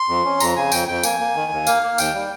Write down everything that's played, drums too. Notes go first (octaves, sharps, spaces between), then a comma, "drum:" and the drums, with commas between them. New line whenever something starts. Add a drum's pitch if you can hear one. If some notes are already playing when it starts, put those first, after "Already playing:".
Already playing: C6
F2
C#4
F2 A#5, drum: tambourine
C#3 G#5
F2 G5, drum: tambourine
F2 G5
A#3 G#5, drum: tambourine
A#3
D#3
D#2
A#3 F5, drum: tambourine
A#3
D#2 G5, drum: tambourine
G3